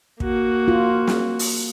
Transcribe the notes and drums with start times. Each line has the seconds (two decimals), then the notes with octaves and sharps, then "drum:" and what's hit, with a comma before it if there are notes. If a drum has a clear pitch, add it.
0.20 A#3 F#4, drum: kick
0.68 F4
1.07 drum: snare
1.39 drum: open hi-hat